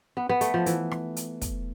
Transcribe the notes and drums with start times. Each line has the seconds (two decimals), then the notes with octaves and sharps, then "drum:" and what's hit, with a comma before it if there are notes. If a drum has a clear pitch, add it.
0.17 B3
0.29 B3
0.41 A3, drum: hi-hat
0.54 F3
0.66 E3, drum: hi-hat
0.91 drum: rim click
1.16 drum: hi-hat
1.42 drum: kick, hi-hat